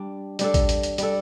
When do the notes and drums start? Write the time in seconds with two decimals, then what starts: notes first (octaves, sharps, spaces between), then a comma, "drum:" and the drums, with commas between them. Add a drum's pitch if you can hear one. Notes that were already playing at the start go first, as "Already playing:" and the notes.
Already playing: G3 D4
0.39 G3 D4 A4, drum: hi-hat
0.54 drum: kick A#1, hi-hat
0.69 drum: hi-hat
0.83 drum: hi-hat
0.98 G3 D4 A4, drum: hi-hat